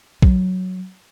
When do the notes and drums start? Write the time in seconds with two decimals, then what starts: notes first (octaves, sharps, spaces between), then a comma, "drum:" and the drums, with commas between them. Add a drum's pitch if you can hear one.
0.22 F#3, drum: kick